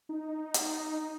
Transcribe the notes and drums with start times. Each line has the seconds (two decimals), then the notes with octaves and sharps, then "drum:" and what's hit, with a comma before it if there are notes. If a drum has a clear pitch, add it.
0.09 D#4
0.54 drum: hi-hat